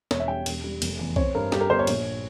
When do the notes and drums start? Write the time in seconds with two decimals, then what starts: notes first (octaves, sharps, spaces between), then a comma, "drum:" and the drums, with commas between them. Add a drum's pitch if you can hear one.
0.11 E1 C#5, drum: snare
0.20 E5
0.28 G3 G5
0.46 E1, drum: cymbal
0.64 G3
0.82 F1, drum: cymbal
0.99 E2
1.16 C4 C#5, drum: kick
1.35 G2 A#4
1.52 G3 G4, drum: snare
1.60 A#4
1.70 G1 C5
1.79 C#5
1.87 A#1, drum: cymbal